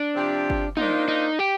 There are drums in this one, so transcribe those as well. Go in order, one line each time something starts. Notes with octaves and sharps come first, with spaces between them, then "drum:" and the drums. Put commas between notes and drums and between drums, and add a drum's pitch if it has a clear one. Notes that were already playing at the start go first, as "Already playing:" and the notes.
Already playing: D4
C3 F3 C4 G4
drum: kick G1
A#3 D4 D#4 F4 C5, drum: tom
D#4
G4